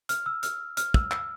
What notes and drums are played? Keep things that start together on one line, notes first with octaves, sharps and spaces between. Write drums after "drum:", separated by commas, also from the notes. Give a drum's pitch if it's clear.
F6, drum: hi-hat
E6
F6, drum: hi-hat
F6, drum: hi-hat
E6, drum: kick
E6, drum: clap